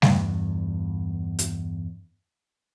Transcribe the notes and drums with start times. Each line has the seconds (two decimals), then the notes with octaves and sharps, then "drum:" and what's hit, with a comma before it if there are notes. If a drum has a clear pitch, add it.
0.02 E2 G2, drum: snare G3
1.39 drum: hi-hat